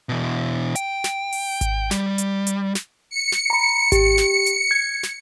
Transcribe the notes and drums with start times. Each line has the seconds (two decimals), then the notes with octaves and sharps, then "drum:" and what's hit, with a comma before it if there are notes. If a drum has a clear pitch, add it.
0.09 B2 E3
0.75 G5, drum: hi-hat
1.04 drum: snare
1.33 drum: open hi-hat
1.61 drum: kick G#1, hi-hat
1.91 G3, drum: snare
2.18 drum: hi-hat
2.47 drum: hi-hat
2.75 drum: snare
3.10 C#7
3.32 drum: snare
3.50 A#5 B5
3.92 G4, drum: kick G#1, hi-hat
4.18 drum: snare
4.46 drum: hi-hat
4.71 G#6
5.03 drum: snare